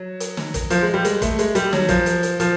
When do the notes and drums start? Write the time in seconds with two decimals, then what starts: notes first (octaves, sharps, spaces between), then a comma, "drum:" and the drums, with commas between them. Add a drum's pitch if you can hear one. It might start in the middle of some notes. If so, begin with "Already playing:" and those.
Already playing: F#3
0.20 drum: hi-hat
0.37 drum: snare
0.54 drum: kick, hi-hat
0.70 F3, drum: hi-hat
0.83 G#3
0.94 G3
1.05 G#3, drum: hi-hat
1.22 A3, drum: kick, hi-hat
1.39 G#3, drum: hi-hat
1.55 G3, drum: hi-hat
1.73 F#3, drum: snare
1.89 F3, drum: kick, hi-hat
2.06 drum: hi-hat
2.23 drum: hi-hat
2.40 F3, drum: hi-hat